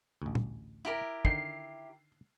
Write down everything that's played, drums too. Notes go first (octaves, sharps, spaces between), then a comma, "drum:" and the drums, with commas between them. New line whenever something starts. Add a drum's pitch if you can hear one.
A1 D2
drum: tom A#2
E4 G4 A#4
D3 D#3 G5 C7, drum: kick